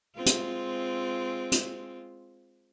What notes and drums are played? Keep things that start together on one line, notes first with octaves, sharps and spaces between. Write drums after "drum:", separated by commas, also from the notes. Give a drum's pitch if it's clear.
G#3 C4 F4
drum: hi-hat
drum: hi-hat